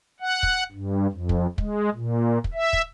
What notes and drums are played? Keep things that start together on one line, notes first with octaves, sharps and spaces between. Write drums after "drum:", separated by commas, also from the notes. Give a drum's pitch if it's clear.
F#5
drum: kick
G2
F2
drum: kick
G#3, drum: kick
A#2
drum: kick
E5
drum: kick